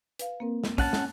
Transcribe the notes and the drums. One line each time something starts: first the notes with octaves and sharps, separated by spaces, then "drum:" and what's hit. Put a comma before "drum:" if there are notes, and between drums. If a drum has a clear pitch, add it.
B4 F5, drum: hi-hat
A#3 C4 A#4
drum: snare
C#4 F#5 A5, drum: kick, open hi-hat
drum: snare